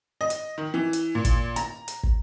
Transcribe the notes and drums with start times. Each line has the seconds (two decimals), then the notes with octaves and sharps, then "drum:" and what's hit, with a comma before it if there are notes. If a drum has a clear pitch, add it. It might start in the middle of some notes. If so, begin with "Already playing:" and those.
0.21 D#5
0.30 drum: hi-hat
0.58 D#3
0.74 E3
0.93 drum: hi-hat
1.15 A#2
1.25 drum: kick, hi-hat
1.56 A#5, drum: hi-hat
1.88 drum: hi-hat
2.03 drum: kick